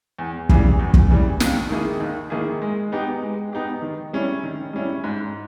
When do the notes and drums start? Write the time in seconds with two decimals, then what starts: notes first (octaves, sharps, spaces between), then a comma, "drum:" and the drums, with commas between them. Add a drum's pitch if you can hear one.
0.19 E2
0.49 C#3 E3 G3, drum: kick
0.79 E2
0.94 drum: kick
1.10 C#3 E3 G3
1.40 D#2, drum: snare
1.70 D#3 A#3 E4 G#4
2.00 D#2
2.30 D#3 A#3 E4 G#4
2.62 G#3
2.92 B3 D#4 G4
3.22 G#3
3.53 B3 D#4 G4
3.82 D#3
4.13 G3 C#4 E4
4.44 D#3
4.73 G3 C#4 E4
5.04 G#2